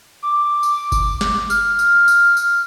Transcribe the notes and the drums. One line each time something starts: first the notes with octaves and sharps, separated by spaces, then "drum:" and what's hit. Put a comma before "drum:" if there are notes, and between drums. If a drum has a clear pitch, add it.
D6
drum: tambourine
drum: kick G1, tambourine
drum: snare
F6, drum: tambourine
drum: tambourine
drum: tambourine
drum: tambourine